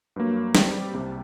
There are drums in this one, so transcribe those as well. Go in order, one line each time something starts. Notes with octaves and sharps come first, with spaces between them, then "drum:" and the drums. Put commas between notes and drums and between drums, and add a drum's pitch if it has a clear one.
G2 F#3 A#3
G3 C4 G4 D5, drum: snare
C2 C3 G3